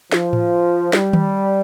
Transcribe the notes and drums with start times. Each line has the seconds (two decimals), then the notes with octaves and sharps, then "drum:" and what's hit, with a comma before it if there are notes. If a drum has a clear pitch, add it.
0.12 F3, drum: snare
0.33 drum: tom A2
0.93 G3, drum: snare
1.13 drum: tom D#3